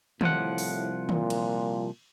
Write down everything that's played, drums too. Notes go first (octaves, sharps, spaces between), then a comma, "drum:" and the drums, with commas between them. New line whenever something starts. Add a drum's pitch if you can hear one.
C2 A2 F3 F#5, drum: tom D#3
drum: open hi-hat
A#2, drum: tom D#3
drum: cymbal